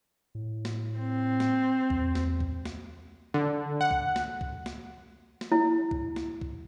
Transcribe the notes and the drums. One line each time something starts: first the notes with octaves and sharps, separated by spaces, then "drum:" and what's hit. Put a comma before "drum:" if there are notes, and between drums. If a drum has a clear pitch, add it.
A2
drum: snare
C4
drum: snare
E2, drum: kick C2
drum: snare
drum: kick C2
drum: snare
D3
F#5
drum: kick C2
drum: snare
drum: kick C2
drum: snare
drum: snare
E4
drum: kick C2
drum: snare
drum: kick C2